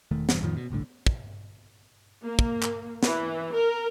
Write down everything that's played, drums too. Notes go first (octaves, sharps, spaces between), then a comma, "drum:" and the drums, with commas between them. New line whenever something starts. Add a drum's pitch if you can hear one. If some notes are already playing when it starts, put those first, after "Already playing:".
E1 D#3 A3
E1 G2 E3, drum: snare
F2 A2 D#3 F3
B2
G1 C2 A2 D3
drum: kick
A#3
drum: kick
drum: clap
E3, drum: snare
A#4